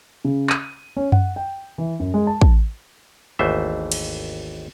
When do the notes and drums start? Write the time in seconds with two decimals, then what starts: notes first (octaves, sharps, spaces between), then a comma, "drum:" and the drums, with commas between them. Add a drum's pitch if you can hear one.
0.25 C#3
0.50 D#7, drum: clap
0.97 C#4
1.12 F#5, drum: tom F#2
1.36 G5
1.78 E3
2.00 F#2
2.14 G#3
2.27 A5
2.41 drum: kick
3.39 G#1 D#2 E3 A3 C5 E5
3.92 drum: cymbal